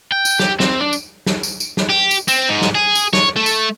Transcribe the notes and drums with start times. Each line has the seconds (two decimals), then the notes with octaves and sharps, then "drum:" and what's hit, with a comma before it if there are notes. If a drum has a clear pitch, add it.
0.12 G5
0.25 drum: tambourine
0.40 G4, drum: snare
0.60 C4, drum: snare
0.81 D4
0.93 drum: tambourine
1.26 drum: snare
1.43 drum: tambourine
1.60 drum: tambourine
1.77 drum: snare
1.89 G4
2.11 drum: tambourine
2.28 C4, drum: tambourine
2.49 G#2
2.62 drum: snare
2.75 G#4
2.95 drum: tambourine
3.13 C#5, drum: snare
3.36 A3
3.46 drum: tambourine